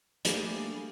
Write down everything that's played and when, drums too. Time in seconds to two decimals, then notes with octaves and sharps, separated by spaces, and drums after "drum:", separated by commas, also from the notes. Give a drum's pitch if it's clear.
0.25 G3 A3 A#3 D4 G#4, drum: hi-hat